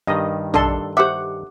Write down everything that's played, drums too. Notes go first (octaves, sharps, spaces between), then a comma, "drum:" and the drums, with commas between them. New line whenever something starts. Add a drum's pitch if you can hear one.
G2 D#3 D#5
D4 A4 D#5 A5 C6, drum: tom
G4 C5 E5 F#5 D6